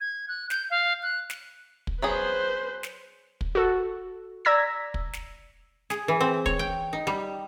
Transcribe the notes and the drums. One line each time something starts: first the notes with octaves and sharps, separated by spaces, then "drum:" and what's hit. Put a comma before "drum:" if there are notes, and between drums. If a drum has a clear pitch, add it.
G#6
F#6
G6, drum: snare
F5
F#6
drum: snare
drum: kick
F#3 B3 G#4 B4 C5
drum: snare
drum: kick
F#4 A4
D5 A#5 E6 G#6 A#6 B6
drum: kick
drum: snare
G#4, drum: snare
E3
C4
C#5, drum: kick
G5
D#4
G3